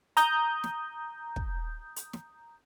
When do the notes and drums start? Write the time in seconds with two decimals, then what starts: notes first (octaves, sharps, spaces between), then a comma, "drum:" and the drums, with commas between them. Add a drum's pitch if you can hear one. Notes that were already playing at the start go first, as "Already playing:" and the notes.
0.17 A#5 D#6 G6, drum: hi-hat
0.64 drum: snare
1.36 drum: kick
1.96 drum: hi-hat
2.13 drum: snare